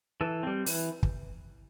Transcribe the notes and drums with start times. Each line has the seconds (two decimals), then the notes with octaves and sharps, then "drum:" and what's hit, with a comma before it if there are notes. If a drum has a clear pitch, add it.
0.21 E3 A4
0.43 G3 C4
0.66 E3, drum: open hi-hat
1.03 drum: kick